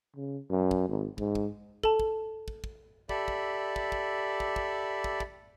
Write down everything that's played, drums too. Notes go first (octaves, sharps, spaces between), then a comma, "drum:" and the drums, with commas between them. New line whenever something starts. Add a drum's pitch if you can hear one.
C#3
F#2
drum: kick
G#1
G#2, drum: kick
drum: kick
A4 A5, drum: kick
drum: kick
drum: kick
drum: kick
G4 A4 D5 E5 B5, drum: kick
drum: kick
drum: kick
drum: kick
drum: kick
drum: kick
drum: kick
drum: kick